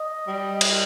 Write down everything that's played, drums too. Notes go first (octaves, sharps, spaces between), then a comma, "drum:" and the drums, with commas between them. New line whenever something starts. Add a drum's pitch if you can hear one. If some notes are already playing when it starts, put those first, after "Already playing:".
Already playing: D#5
G3
drum: cymbal